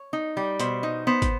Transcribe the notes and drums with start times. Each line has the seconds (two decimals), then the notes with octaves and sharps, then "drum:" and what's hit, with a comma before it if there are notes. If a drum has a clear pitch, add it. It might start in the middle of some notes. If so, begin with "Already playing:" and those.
Already playing: C#5
0.13 D#4
0.37 G3
0.60 B2 C5, drum: hi-hat
0.83 D#4
1.07 B3 C5
1.22 drum: kick, hi-hat